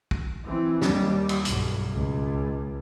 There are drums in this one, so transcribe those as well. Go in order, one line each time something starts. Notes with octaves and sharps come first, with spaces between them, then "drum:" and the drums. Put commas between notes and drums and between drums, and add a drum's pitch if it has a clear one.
drum: kick
E3 C4
D#2 G3, drum: snare
drum: cymbal
B1 G2, drum: hi-hat
C#2